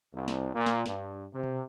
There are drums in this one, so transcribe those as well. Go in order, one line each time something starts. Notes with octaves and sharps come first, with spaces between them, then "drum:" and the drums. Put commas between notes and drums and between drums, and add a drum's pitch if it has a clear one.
C2
drum: snare
A#2
drum: snare
G2, drum: snare
C3
drum: tom B2